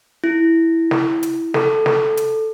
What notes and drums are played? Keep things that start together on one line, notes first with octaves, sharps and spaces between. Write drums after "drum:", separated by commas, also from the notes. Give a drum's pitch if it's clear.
E4
drum: snare
drum: hi-hat
A4, drum: snare
drum: snare
drum: hi-hat